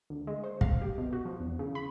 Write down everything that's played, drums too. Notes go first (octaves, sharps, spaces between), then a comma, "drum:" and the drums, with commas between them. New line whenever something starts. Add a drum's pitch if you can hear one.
D2
G#3
C5
F5, drum: kick
G4
B2
F#4
F3
E2
C#3
B5